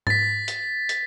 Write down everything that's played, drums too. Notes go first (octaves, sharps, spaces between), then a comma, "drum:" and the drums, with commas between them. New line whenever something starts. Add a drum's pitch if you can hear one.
A6 B6, drum: tom G#2
drum: hi-hat
drum: hi-hat